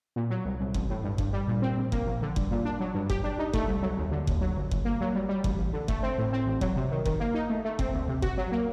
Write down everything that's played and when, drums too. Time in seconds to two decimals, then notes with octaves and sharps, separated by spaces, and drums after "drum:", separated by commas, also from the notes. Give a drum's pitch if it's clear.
0.16 A#2
0.30 F#3
0.45 C2
0.60 C2
0.74 A1, drum: kick F#1
0.90 A2
1.04 G2
1.18 G2, drum: kick F#1
1.33 G3
1.48 A#2
1.62 C4
1.78 A#1
1.92 A#3, drum: kick F#1
2.06 A#1
2.22 D3
2.36 G2, drum: kick F#1
2.51 A#2
2.65 D4
2.80 F#3
2.94 G2
3.10 G4, drum: kick F#1
3.24 D4
3.39 D#4
3.53 A3, drum: kick F#1
3.68 C2
3.83 F#3
3.97 D#2
4.12 D3
4.27 D#2, drum: kick F#1
4.41 F#3
4.56 G1
4.71 G1, drum: kick F#1
4.85 A#3
5.01 F#3
5.15 G3
5.29 G3
5.44 A1, drum: kick F#1
5.59 A1
5.73 D3
5.88 A3, drum: kick F#1
6.03 C4
6.18 A2
6.33 C4
6.46 A1
6.61 F#3, drum: kick F#1
6.76 C3
6.91 D#3
7.05 D#3, drum: kick F#1
7.20 A#3
7.34 D#4
7.50 A3
7.65 A3
7.79 C4, drum: kick F#1
7.94 D2
8.08 C3
8.22 F#4, drum: kick F#1
8.37 F#3
8.52 A#3